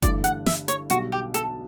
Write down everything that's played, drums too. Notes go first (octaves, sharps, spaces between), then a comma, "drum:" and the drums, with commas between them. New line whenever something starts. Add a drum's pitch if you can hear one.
G1 G2 E3 A3 E4 D5, drum: kick F#1, hi-hat
F#5, drum: hi-hat
E5, drum: snare
C#5, drum: hi-hat
B1 B2 G3 F#4, drum: hi-hat
G4
A4, drum: hi-hat